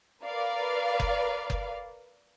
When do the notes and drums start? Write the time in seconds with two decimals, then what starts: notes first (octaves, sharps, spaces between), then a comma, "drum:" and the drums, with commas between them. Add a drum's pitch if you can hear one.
0.24 A#4 B4 D5 F5
1.00 drum: kick F#1
1.50 drum: kick F#1